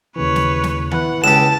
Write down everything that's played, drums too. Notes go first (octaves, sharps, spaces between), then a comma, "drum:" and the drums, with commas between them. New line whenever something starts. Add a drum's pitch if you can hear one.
D#2 C#3 E3 B4 C#5
drum: snare
drum: snare
B3 E4 B4 F#5, drum: tom D#3
C#2 G4 A5 E7